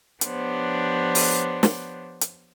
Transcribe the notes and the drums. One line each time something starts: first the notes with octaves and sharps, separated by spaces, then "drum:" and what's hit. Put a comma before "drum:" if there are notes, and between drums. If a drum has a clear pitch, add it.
F3 B3 D4 G4 C5 C#5, drum: hi-hat
drum: open hi-hat
drum: snare
drum: hi-hat